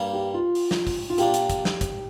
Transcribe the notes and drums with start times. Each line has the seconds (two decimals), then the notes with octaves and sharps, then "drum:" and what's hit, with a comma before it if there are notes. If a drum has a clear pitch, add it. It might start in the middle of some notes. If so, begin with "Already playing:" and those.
Already playing: G2 G3 A#3
0.13 G4
0.34 F4
0.55 drum: open hi-hat
0.71 drum: snare
0.87 drum: kick, open hi-hat
1.10 F4
1.18 A#2 A#3 D4 G4, drum: hi-hat
1.34 drum: hi-hat
1.50 drum: kick, hi-hat
1.65 drum: snare
1.81 drum: kick, hi-hat